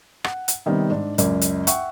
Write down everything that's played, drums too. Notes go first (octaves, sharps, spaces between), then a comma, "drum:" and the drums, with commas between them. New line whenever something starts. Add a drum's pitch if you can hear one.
F#5, drum: rim click
drum: hi-hat
C3 D#3 G3 B3 C4
G#2 D4
C#2 F#2 D5, drum: hi-hat
drum: hi-hat
E5 F#5 G5 C#6, drum: hi-hat